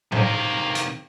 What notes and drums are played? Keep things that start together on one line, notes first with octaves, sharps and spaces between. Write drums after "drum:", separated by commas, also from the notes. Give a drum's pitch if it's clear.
C3 D#3 A#3, drum: tom A2
drum: hi-hat